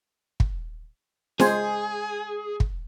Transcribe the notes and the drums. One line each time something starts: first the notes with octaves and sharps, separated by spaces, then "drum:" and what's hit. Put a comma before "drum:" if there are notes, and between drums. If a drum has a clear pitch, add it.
drum: kick
G#3 G#4 C5 G#5, drum: snare
drum: kick